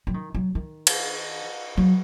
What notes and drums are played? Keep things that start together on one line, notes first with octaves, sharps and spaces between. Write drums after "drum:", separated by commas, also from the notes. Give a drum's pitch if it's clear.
F#3
D#3
F#3
D#3
drum: cymbal
F#3